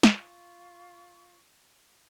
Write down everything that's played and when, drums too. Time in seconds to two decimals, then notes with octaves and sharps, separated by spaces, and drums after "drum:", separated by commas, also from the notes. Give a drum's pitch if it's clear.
0.03 F4 C#6, drum: snare